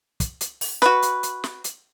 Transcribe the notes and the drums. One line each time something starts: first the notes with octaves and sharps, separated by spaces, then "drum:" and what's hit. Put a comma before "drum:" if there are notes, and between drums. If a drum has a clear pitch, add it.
drum: kick, hi-hat
drum: hi-hat
drum: open hi-hat
F#4 B4, drum: snare
drum: hi-hat
drum: hi-hat
drum: snare
drum: hi-hat